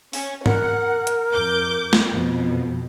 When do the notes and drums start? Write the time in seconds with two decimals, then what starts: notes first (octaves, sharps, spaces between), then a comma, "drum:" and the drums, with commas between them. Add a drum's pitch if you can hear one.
0.13 C#4, drum: open hi-hat
0.46 A#4 F#5, drum: tom G#2
1.07 drum: hi-hat
1.31 F2 D6 G6
1.93 drum: snare
2.11 F2 B2